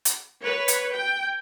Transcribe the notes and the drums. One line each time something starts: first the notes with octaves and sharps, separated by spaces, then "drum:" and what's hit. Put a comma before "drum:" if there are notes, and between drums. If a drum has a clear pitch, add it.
drum: hi-hat
B4 C#5
drum: hi-hat
G5